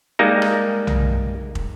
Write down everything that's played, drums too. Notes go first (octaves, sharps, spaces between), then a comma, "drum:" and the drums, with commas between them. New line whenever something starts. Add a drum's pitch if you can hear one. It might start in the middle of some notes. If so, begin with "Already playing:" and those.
G3 G#3 A#3 D#4
drum: rim click
drum: tom B1
drum: kick